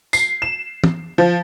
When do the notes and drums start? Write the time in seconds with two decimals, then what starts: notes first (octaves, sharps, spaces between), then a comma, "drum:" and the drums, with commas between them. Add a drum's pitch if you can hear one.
0.13 C7, drum: tambourine
0.42 E7
0.84 drum: tom
1.18 F3